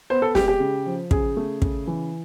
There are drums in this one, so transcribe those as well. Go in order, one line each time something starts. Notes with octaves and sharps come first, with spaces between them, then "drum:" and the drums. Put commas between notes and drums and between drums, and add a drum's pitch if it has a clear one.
B3 C5
A4
G#3 G4, drum: snare
G4
C#3
F3
C#3 G#4, drum: kick
A3
C#3, drum: kick
E3